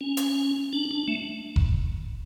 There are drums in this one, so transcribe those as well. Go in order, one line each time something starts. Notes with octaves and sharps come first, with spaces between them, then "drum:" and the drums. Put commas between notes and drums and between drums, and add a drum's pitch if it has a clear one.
C#4
drum: hi-hat
D4
D4
A3
drum: kick F1